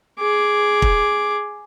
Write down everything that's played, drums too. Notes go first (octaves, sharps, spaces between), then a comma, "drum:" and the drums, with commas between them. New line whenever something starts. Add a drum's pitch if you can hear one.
G#4 D6
drum: kick